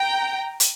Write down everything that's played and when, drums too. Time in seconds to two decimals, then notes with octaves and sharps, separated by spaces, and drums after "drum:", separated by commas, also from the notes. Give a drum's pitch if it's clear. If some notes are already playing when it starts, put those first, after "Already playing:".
Already playing: G5 A#5
0.60 drum: hi-hat